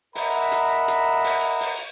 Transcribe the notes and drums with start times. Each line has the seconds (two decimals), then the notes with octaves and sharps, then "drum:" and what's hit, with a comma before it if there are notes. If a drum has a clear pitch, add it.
0.15 A#4 D#5 E5 F#5 A#5 B5, drum: open hi-hat
0.52 drum: hi-hat
0.88 drum: hi-hat
1.24 drum: open hi-hat
1.61 drum: open hi-hat